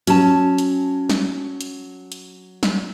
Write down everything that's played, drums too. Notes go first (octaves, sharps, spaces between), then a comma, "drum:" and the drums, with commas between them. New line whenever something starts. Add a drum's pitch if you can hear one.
F#3 C#4 A5, drum: hi-hat
drum: hi-hat
drum: snare
drum: hi-hat
drum: hi-hat
drum: snare